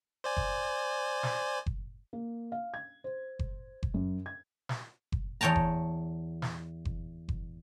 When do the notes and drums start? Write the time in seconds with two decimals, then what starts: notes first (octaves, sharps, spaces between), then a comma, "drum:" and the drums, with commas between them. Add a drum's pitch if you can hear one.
0.24 C5 D5 G#5
0.37 drum: kick F#1
1.23 drum: snare
1.66 drum: kick F#1
2.13 A#3
2.52 F5
2.74 G#6
3.04 C5
3.39 drum: kick F#1
3.83 drum: kick F#1
3.94 F#2
4.26 G#6
4.69 drum: snare
5.12 drum: kick F#1
5.41 E2 C#5 G5 A5 A#5
5.56 drum: kick F#1
6.42 drum: snare
6.85 drum: kick F#1
7.29 drum: kick F#1